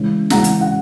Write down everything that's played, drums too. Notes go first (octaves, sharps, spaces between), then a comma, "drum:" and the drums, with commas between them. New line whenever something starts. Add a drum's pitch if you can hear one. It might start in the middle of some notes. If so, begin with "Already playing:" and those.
Already playing: C#3 E3 G#3
C#3 E3 G#3 F#5 A#5, drum: snare
drum: hi-hat
F#5